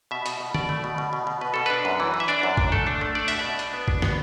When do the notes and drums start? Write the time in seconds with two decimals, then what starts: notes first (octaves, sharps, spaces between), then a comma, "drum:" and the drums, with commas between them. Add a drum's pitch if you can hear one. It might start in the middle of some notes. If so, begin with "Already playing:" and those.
0.11 B2 E5
0.26 B2, drum: hi-hat
0.40 B2
0.54 B2 D5, drum: tom D3
0.69 A3
0.84 B2
0.98 B2
1.13 B2
1.27 B2
1.41 B2 B4
1.54 B2 A4
1.66 D4 B4
1.85 F#2
2.00 E3
2.14 E3
2.20 E5
2.28 D4 D5
2.43 F#2
2.57 D4, drum: kick
2.72 A3 A4
2.87 D4
3.01 A3
3.15 D4 D5
3.28 B2 E5, drum: hi-hat
3.39 B2 D5
3.59 D4, drum: hi-hat
3.74 B3
3.88 D4, drum: kick
4.02 B3, drum: snare